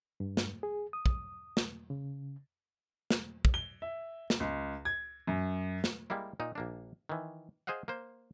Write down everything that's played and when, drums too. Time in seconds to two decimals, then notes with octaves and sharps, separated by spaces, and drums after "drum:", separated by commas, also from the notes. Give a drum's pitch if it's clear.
0.20 G2
0.37 drum: snare
0.63 G#4
0.93 D#6
1.06 drum: kick
1.57 drum: snare
1.90 C#3
3.11 drum: snare
3.45 drum: kick
3.54 G7
3.82 E5
4.30 drum: snare
4.40 C#2
4.85 G#6
5.27 F#2
5.84 drum: snare
6.10 G3 G#3 A#3 E4
6.40 A#2 D#4
6.55 A#1 A#3 D4
7.09 D#3 E3
7.67 G#4 C5 D#5 F5 F#5
7.88 A#3 C5